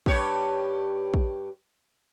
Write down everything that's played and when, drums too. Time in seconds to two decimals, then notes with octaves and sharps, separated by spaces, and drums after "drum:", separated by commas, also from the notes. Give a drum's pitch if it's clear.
0.06 G2 G4 C#5, drum: kick
1.14 drum: kick